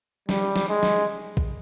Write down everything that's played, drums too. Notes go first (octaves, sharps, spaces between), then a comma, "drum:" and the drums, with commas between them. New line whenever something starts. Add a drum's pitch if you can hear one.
G3, drum: snare
drum: snare
G#3
drum: snare
drum: kick